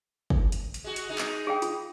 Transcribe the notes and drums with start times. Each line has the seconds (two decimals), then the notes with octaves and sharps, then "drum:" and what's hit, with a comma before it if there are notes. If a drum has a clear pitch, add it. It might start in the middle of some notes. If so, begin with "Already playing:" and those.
0.30 drum: kick
0.52 drum: hi-hat
0.74 drum: hi-hat
0.84 G#3 F#4
0.96 drum: hi-hat
1.09 G#3 D#4
1.18 drum: clap
1.47 G#4 F5 G5
1.62 F4, drum: hi-hat